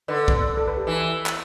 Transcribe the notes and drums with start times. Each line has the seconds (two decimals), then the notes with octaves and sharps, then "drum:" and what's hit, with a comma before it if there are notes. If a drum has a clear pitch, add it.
0.08 D3 B4
0.28 drum: kick
0.57 A4
0.68 B4
0.77 G4
0.87 E3
1.26 drum: clap